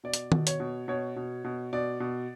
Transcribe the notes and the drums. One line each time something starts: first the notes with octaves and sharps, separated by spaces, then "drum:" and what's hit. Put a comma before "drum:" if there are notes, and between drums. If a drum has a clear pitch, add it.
B2 D5
drum: hi-hat
B2, drum: tom D#3
C#5, drum: hi-hat
B2
B2 C#5
B2
B2
B2 D5
B2